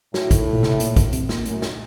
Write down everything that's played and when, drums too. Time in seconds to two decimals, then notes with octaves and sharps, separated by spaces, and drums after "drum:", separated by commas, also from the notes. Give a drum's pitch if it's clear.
0.14 A2 F#3, drum: snare
0.31 D#3, drum: kick, hi-hat
0.53 A#2
0.63 C3, drum: snare
0.80 A#2, drum: hi-hat
0.96 drum: kick, hi-hat
1.13 C3, drum: hi-hat
1.29 A#2, drum: snare
1.45 F#2 A2, drum: hi-hat
1.62 drum: snare